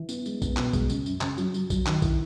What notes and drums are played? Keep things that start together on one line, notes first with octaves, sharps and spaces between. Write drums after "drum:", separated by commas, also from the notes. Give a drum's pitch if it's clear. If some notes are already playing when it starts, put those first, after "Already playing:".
Already playing: E3
B3, drum: tambourine
G#3, drum: tambourine
B3, drum: kick A#1, tambourine
B2, drum: clap
G#3, drum: kick A#1, tambourine
C#3, drum: tambourine
F#2, drum: tambourine
C#3, drum: clap
F#3, drum: tambourine
F#3, drum: tambourine
F#3, drum: kick A#1, tambourine
D#3, drum: clap
E4, drum: kick A#1, tambourine